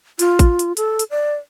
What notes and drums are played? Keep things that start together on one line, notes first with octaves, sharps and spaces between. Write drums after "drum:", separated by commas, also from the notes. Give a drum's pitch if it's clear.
F4, drum: hi-hat
drum: kick A1, hi-hat
drum: hi-hat
A4, drum: hi-hat
drum: hi-hat
D5